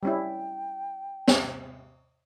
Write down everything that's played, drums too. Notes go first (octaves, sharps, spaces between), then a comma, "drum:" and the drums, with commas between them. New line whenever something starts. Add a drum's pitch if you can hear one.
G3 C#4 E4 G5
drum: snare